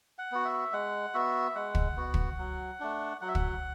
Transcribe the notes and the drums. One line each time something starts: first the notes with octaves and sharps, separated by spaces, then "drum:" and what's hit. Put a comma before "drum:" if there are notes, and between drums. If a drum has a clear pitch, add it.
F#5
B3 F#4
E5
G#3 F#5
B3 F#4 E5
G#3 F#5
drum: kick
B3 F#4
drum: kick
F#3
A3 D4
F#3 F#5
E5
F#5, drum: kick